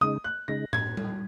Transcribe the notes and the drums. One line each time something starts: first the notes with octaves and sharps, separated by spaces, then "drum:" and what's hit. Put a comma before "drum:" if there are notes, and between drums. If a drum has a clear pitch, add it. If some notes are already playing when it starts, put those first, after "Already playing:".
C#3 G#3 D#4 D#6
F#6
C#3 G#3 D#4 A#6
G#6, drum: tom A2
drum: tom G3